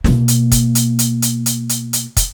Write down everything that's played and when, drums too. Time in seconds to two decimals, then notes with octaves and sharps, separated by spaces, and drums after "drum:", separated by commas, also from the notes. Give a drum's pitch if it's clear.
0.04 B2 A#3, drum: snare
0.28 drum: hi-hat
0.52 drum: kick, hi-hat
0.75 drum: hi-hat
0.99 drum: hi-hat
1.22 drum: hi-hat
1.46 drum: hi-hat
1.69 drum: hi-hat
1.93 drum: hi-hat
2.17 drum: kick, hi-hat